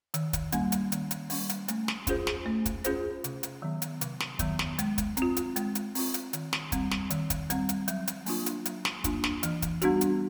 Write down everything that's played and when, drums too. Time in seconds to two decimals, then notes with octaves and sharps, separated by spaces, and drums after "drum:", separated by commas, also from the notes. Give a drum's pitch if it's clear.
0.14 D#3, drum: hi-hat
0.33 drum: kick, hi-hat
0.52 G3 A#3 C#4, drum: hi-hat
0.72 drum: hi-hat
0.92 D#3, drum: hi-hat
1.11 drum: hi-hat
1.30 G3 A#3 C#4, drum: open hi-hat
1.49 drum: hi-hat
1.68 A3, drum: hi-hat
1.88 drum: snare
2.07 C#4 F4 G#4 C5, drum: kick, hi-hat
2.27 drum: snare
2.46 A3
2.66 drum: kick, hi-hat
2.84 C#4 F4 G#4 C5, drum: hi-hat
3.24 C3, drum: hi-hat
3.43 drum: hi-hat
3.62 D#3 F#3 B3
3.82 drum: hi-hat
4.01 C3, drum: hi-hat
4.20 drum: snare
4.39 D#3 F#3 B3, drum: kick, hi-hat
4.59 drum: snare
4.79 G#3, drum: hi-hat
4.98 drum: kick, hi-hat
5.17 C4, drum: hi-hat
5.22 F4
5.37 drum: hi-hat
5.56 G#3, drum: hi-hat
5.75 drum: hi-hat
5.95 C4 F4, drum: open hi-hat
6.14 drum: hi-hat
6.33 D#3, drum: hi-hat
6.53 drum: snare
6.72 G3 C4, drum: kick, hi-hat
6.91 drum: snare
7.10 D#3, drum: hi-hat
7.30 drum: kick, hi-hat
7.50 G3 C4, drum: hi-hat
7.69 drum: hi-hat
7.88 F#3, drum: hi-hat
8.07 drum: hi-hat
8.26 A#3 D4 F4, drum: open hi-hat
8.46 drum: hi-hat
8.66 F#3, drum: hi-hat
8.85 drum: snare
9.04 A#3 D4 F4, drum: kick, hi-hat
9.24 drum: snare
9.43 E3, drum: hi-hat
9.62 drum: kick, hi-hat
9.82 G3 B3 D4 F#4, drum: hi-hat
10.01 drum: hi-hat